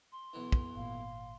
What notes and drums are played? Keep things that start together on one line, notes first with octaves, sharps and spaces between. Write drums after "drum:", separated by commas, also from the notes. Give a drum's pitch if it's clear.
C6
B1 E3
drum: kick
G#1 A#2 F5